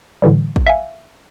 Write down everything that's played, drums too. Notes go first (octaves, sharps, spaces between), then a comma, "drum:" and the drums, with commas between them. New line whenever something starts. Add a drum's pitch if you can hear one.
A2 D3 E3 G3
drum: kick
E5 F5 G#5